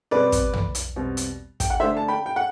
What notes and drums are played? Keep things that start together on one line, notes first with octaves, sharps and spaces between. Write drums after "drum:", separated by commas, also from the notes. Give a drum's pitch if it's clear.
B2 G3 C4 B4 D5
drum: kick, hi-hat
drum: tom
drum: hi-hat
B2 G3 C4
drum: hi-hat
G5, drum: kick, hi-hat
F#5
D3 A3 D4 C5 E5
A5
G5 B5
G5
F#5